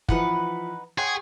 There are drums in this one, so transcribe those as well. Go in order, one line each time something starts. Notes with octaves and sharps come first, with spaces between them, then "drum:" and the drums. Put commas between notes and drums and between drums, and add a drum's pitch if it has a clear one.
E3 F3 D#4 B4 F#5, drum: kick
G#4 C#5 F#5 G5 C6